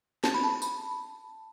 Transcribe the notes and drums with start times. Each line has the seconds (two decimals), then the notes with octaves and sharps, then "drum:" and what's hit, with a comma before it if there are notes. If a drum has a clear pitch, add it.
0.24 A5, drum: snare
0.34 B5
0.44 A5
0.62 B5, drum: tambourine